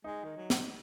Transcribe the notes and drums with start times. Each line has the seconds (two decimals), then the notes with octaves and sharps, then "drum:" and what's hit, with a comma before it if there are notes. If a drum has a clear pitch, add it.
0.04 G#3 D#4
0.24 D#3
0.36 F#3
0.50 drum: snare